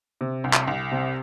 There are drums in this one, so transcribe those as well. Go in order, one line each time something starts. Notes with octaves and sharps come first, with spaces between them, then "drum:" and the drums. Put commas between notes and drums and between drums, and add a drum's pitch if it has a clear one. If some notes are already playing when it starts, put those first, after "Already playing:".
C3
C2
drum: clap
C2
C3